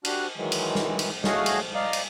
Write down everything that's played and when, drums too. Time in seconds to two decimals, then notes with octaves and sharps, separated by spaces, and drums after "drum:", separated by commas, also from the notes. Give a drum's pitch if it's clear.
0.05 G3 D4 F#4 F6 F#6, drum: cymbal
0.37 D#3 E3 F#3 G#3
0.52 drum: cymbal
0.75 drum: snare
0.99 drum: cymbal
1.24 A3 F#4 G#4 C#5 D#5 F5, drum: snare
1.46 drum: cymbal
1.75 D5 D#5 F5 A#5
1.93 drum: cymbal